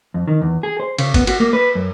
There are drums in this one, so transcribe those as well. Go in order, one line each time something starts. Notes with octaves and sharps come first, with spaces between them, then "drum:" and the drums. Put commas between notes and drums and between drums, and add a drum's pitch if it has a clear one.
F2
D#3
E2
G#4
C5
C#3, drum: cymbal
B3, drum: kick, cymbal
F#4, drum: cymbal
A#3
B4
F#2